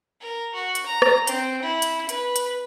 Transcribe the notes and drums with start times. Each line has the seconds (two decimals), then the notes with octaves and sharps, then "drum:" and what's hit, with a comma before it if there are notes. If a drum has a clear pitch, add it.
0.21 A#4
0.54 F#4
0.75 drum: hi-hat
0.86 A#5
1.02 drum: rim click
1.27 C4, drum: hi-hat
1.62 E4
1.82 drum: hi-hat
2.09 B4, drum: hi-hat
2.36 drum: hi-hat